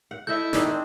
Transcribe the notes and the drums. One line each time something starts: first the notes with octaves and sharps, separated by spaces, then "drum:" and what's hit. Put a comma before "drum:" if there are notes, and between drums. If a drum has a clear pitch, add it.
F#5
E4 A4 D#5 E5 G6
D#3 D4 G#4, drum: snare
C4 D4